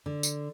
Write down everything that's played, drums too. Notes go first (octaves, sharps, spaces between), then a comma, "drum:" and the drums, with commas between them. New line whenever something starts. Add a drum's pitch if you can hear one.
D3
drum: tambourine